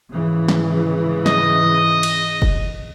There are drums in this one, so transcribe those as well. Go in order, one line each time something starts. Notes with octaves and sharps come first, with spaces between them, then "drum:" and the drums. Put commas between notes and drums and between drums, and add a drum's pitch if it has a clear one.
G#2 C#3 E3
drum: snare
D#5, drum: snare
drum: cymbal
drum: kick F1